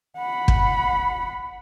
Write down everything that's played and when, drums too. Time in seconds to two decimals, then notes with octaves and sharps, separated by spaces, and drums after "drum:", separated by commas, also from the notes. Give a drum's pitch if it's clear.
0.17 F#5 B5
0.48 drum: kick